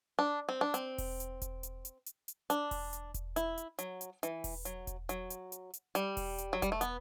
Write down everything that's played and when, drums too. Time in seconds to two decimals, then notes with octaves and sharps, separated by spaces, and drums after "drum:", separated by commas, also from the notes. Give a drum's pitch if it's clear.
0.19 D4
0.49 C4
0.61 D4
0.74 C4, drum: hi-hat
0.98 drum: kick E1, open hi-hat
1.20 drum: hi-hat
1.42 drum: kick E1, hi-hat
1.63 drum: hi-hat
1.85 drum: hi-hat
2.06 drum: hi-hat
2.28 drum: hi-hat
2.50 D4, drum: hi-hat
2.71 drum: kick E1, open hi-hat
2.93 drum: hi-hat
3.14 drum: kick E1, hi-hat
3.36 E4, drum: hi-hat
3.58 drum: hi-hat
3.79 F#3, drum: hi-hat
4.01 drum: hi-hat
4.23 E3, drum: hi-hat
4.44 drum: kick E1, open hi-hat
4.65 F#3, drum: hi-hat
4.87 drum: kick E1, hi-hat
5.09 F#3, drum: hi-hat
5.30 drum: hi-hat
5.52 drum: hi-hat
5.74 drum: hi-hat
5.95 G3, drum: hi-hat
6.17 drum: kick E1, open hi-hat
6.38 drum: hi-hat
6.53 F#3
6.62 G3, drum: kick E1, hi-hat
6.72 A3
6.81 B3, drum: hi-hat